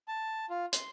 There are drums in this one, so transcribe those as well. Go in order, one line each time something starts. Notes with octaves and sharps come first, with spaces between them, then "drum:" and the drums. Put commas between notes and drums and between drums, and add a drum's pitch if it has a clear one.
A5
F4
C6, drum: hi-hat